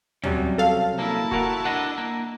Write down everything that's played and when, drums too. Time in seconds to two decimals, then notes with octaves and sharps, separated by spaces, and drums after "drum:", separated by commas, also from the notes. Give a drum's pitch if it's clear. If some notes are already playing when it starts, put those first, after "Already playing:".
0.24 C3 F#3 G3 C#4, drum: tom
0.58 A4 F5
0.99 A#3 E4 A5
1.31 F#4 A#4 F#5, drum: kick
1.65 D4 D#5 F#5
1.98 A#3